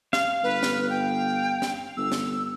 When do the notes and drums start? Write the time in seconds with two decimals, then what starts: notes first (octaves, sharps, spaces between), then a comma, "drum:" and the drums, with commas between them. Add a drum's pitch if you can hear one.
0.13 F5, drum: snare
0.44 G1 B4
0.63 drum: snare
0.90 G5
1.62 drum: snare
1.97 G1 E6
2.12 drum: snare